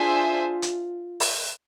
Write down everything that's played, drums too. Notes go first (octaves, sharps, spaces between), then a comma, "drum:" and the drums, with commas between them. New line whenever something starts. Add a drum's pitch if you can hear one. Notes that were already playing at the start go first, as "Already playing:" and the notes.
Already playing: D4 F4 G#4 C5 E5 G#5
drum: hi-hat
drum: open hi-hat